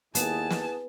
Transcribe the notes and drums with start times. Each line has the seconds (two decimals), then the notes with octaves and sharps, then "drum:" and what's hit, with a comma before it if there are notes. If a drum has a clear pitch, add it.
0.15 D#2 B3 E4 G#4 A5, drum: hi-hat
0.50 drum: snare